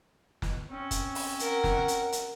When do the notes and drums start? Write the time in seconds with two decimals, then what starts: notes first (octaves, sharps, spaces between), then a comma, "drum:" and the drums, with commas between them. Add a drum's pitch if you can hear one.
0.42 drum: snare
0.71 C4 C#4
0.91 drum: kick, hi-hat
1.15 drum: open hi-hat
1.39 A#4 F#5, drum: hi-hat
1.64 drum: snare
1.88 drum: hi-hat
2.12 drum: hi-hat